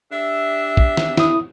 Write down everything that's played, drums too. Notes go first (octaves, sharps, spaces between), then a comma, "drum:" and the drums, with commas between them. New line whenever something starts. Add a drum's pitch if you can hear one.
D4 G4 E5
drum: kick
drum: snare
E4 D#6, drum: snare